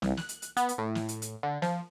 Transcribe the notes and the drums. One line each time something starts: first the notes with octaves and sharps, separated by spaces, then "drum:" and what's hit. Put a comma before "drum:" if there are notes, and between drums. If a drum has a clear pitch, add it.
C2, drum: snare
F#6, drum: snare
drum: hi-hat
drum: hi-hat
B3, drum: hi-hat
drum: hi-hat
A2
drum: snare
drum: hi-hat
drum: hi-hat
D3
F3, drum: snare